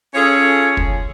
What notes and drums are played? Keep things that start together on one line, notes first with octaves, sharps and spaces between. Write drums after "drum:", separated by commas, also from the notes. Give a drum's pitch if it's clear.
C#4 F4 G#4 A4 C#5
drum: kick